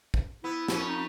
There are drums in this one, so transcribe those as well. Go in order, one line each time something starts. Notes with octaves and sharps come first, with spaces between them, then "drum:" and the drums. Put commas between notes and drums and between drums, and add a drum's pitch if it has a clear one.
drum: kick
B3 E4
F2 B3 C#4, drum: snare
D#4